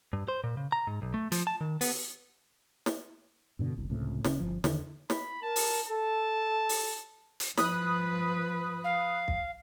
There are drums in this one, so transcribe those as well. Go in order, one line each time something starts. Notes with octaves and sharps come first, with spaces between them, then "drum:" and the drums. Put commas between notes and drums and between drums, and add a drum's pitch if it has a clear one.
G2
C5
A#2
C#3
A#5
G#2
B1
A3
F3, drum: hi-hat
A5
D#3
B3, drum: open hi-hat
drum: snare
G2 B2 D3
F#1 C2
C#2 A2 C3
D1 C#3 C#4, drum: snare
G1 F3
E2 D3 D#3, drum: snare
B5, drum: snare
A#4 A5
drum: open hi-hat
A4 A5
drum: open hi-hat
drum: hi-hat
F3 B4 B5 D#6 F#6, drum: snare
F5
drum: kick